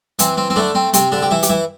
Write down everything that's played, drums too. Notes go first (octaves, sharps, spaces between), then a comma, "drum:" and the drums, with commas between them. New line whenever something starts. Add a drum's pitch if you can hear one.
E3 C4, drum: hi-hat
C4
C4
D3 A3 D4
C4
C3 C4, drum: hi-hat
D3 D4
G4
E3 E4
G4, drum: hi-hat
E3 E4